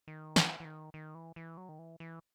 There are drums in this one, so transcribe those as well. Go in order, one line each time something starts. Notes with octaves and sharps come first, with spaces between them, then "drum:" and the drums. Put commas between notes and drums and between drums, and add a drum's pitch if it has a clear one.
D#3
E3, drum: snare
E3
D#3
D#3
E3
E3
F#3
D#3
E3
E3